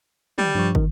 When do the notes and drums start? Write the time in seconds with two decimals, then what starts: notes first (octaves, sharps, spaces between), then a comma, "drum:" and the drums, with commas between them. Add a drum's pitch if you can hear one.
0.38 G3, drum: tom
0.55 G2 F3 C#6
0.75 D#3, drum: kick